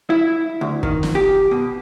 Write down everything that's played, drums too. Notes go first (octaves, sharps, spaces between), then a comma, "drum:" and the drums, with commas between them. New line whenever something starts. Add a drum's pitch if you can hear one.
E4
D2
D#3, drum: kick
drum: snare
G4
B2